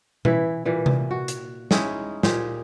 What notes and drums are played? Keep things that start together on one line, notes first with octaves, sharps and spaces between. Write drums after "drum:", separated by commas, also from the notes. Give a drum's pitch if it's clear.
E3 E4, drum: tom B2
A#2 E3 G3
drum: tom C3
F#4
drum: hi-hat
G#3 C#4 D#4 E4, drum: snare
A#2 G4 G#4 C5, drum: snare